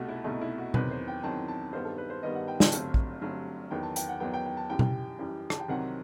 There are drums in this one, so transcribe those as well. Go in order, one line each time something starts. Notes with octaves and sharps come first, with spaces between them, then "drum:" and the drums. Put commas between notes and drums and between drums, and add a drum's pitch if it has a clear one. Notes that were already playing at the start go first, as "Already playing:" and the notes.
Already playing: C2 B2 A3 F#4 G4
E4
C2 B2 A3 D#4
E4
F#4
E2 D#3 F#3 C4 B4, drum: tom B2
C5
G5
E2 D#3 F#3 C4 A5
A5
G2 D#3 G3 B3 C5
A4
B4
C5
G2 D#3 G3 B3 D#5
F#5
G5
A5, drum: snare
G1 G2 F#3 A3 C4, drum: hi-hat
drum: kick
G1 G2 F#3 A3 C4
E2 D#3 F#3 B3 G5
A5
G5, drum: hi-hat
F#5
E2 D#3 F#3 B3 G5
G5
G5
A5
F#2 E3 G3 G5
drum: tom B2
F#2 E3 G3
A5, drum: rim click
G5
C2 C3 D#3 F#3 C4 F#5